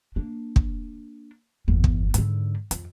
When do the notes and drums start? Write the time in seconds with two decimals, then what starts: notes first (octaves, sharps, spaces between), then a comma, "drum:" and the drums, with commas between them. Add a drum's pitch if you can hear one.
0.16 A#3 D4
0.56 drum: kick
1.68 G1 E2
1.84 drum: kick
2.14 G#2 D3, drum: hi-hat
2.71 F2, drum: hi-hat